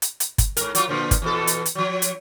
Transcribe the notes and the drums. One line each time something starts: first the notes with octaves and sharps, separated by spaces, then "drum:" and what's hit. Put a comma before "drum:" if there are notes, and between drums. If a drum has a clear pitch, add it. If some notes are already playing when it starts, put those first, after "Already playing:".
drum: hi-hat
drum: hi-hat
drum: kick G1, hi-hat
G#2 A#4, drum: hi-hat
F#3 F4, drum: hi-hat
A#2 D3 F3
drum: kick G1, hi-hat
E2 B2 A4
drum: hi-hat
drum: hi-hat
F3 F#3
drum: hi-hat